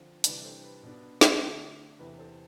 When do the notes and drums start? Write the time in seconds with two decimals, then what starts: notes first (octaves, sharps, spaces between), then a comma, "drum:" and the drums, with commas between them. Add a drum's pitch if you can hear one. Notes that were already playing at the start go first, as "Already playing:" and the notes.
Already playing: D3 F3 C4 C5
0.24 C3 E3 G3 D4 B4 D5, drum: hi-hat
0.44 A4 C5
0.63 B4
0.83 B2 B3 D4
1.21 drum: snare
1.41 D3 A3 D4
1.99 E2 C3 E3 B4
2.19 A4 C5